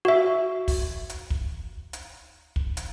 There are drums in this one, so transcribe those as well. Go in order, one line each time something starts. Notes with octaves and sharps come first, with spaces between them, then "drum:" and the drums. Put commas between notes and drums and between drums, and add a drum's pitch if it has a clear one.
F#4 E5
drum: kick, open hi-hat
drum: hi-hat
drum: kick
drum: hi-hat
drum: kick
drum: hi-hat